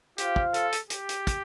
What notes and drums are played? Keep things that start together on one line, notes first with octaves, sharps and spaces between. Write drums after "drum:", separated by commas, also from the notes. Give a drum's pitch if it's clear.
F4 G4 C5 F5, drum: hi-hat
drum: kick
A4, drum: hi-hat
drum: hi-hat
G4, drum: hi-hat
drum: hi-hat
drum: kick, hi-hat